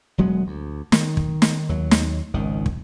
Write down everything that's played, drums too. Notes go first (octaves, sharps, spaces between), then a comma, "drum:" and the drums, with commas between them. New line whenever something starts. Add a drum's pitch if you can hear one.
E1 F#3 G#3 B3
D2
D#3, drum: snare
drum: kick
drum: snare
D#2 F#3
drum: snare
G#1 C#2 D#3
drum: kick